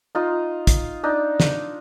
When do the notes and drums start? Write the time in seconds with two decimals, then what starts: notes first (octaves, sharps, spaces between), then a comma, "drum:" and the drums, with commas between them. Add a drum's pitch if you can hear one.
0.15 D#4 F4 D#5
0.67 drum: kick, hi-hat
1.03 D4 D#4
1.40 drum: snare